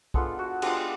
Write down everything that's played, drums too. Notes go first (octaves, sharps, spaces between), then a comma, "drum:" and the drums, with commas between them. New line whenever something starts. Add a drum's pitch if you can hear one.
G#3 B3 D4 F4 A4, drum: kick B1
F#4
G#3 B3 D4 F4 G4, drum: cymbal